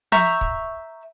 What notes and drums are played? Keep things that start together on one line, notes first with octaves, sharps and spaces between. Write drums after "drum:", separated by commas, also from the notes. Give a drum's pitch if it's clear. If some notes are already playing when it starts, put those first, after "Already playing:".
E5 A#5 C#6 G6, drum: tom
drum: kick